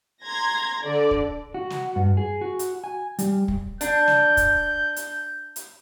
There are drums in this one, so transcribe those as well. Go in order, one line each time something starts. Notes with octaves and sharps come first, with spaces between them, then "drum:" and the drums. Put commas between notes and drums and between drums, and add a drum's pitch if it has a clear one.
A#5 C6 G#6 A#6
D3 D5
drum: kick
F#4
drum: snare
G2
G#4
F#4
drum: hi-hat
G#5
G3, drum: hi-hat
drum: kick
D4 G6, drum: hi-hat
drum: snare
drum: kick, hi-hat
drum: hi-hat
drum: hi-hat